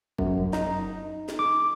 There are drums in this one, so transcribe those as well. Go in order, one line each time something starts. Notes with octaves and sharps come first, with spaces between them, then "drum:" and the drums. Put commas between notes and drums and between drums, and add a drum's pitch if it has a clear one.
F#2, drum: kick
D#4, drum: snare
drum: snare
D6